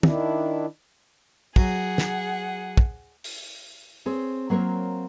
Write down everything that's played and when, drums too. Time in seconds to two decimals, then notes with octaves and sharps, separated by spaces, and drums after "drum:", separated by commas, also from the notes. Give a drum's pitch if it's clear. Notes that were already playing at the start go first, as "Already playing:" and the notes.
0.03 D#3 D4 E4, drum: tom
1.56 F#3 G#4 F#5, drum: kick
1.98 drum: snare
2.77 drum: kick
3.24 drum: open hi-hat
4.06 C4 G#4 C#5
4.50 F#3 A#3 C4 A#4 C#5